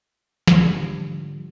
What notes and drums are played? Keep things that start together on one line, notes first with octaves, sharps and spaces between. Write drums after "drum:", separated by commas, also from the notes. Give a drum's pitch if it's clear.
G#2 D3 F3 G3, drum: snare